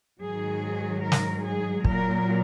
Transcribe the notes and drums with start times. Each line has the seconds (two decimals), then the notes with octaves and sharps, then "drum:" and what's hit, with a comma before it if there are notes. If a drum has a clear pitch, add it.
0.21 G#2 D#3 F#3 G#4
1.02 A#4
1.12 drum: snare
1.43 G#4
1.85 A#2 F#3 A#4, drum: kick